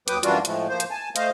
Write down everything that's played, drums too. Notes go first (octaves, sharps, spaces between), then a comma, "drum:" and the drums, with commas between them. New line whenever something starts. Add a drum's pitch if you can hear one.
D#2 F#3 B4 G5 D6 D#6, drum: hi-hat
F#2 E3 G3 D4 F4 F#4, drum: hi-hat
A2 F3 G#3 A3, drum: hi-hat
F3 A#3 C5
drum: hi-hat
G#5 A5
A3 C5 D#5 F5, drum: hi-hat